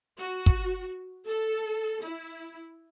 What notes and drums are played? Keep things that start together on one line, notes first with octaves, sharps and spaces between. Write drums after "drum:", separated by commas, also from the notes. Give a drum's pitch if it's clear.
F#4
drum: kick
A4
E4